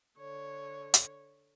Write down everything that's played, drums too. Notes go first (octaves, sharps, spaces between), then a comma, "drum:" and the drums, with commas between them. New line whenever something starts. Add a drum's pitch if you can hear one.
D3 C#5
drum: hi-hat